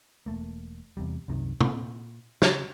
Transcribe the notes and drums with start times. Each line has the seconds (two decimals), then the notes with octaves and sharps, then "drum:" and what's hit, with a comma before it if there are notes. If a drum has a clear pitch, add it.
0.26 E1 A3 A#3
0.97 E2 C3 G3
1.28 C2 F#2 C3 D#3
1.61 A#2, drum: tom
2.42 C#3, drum: snare